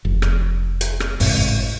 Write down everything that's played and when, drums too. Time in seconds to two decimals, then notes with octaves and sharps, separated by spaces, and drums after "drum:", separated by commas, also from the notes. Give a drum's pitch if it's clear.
0.05 F1
0.22 drum: rim click
0.81 drum: hi-hat
1.00 drum: rim click
1.20 G#1 F2 A2 C#3, drum: open hi-hat